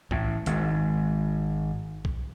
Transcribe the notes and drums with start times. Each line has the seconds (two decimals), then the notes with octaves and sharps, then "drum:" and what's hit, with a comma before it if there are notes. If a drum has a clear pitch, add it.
0.11 A1 A2, drum: kick B1
0.46 G#1 G#2, drum: hi-hat
2.05 drum: kick B1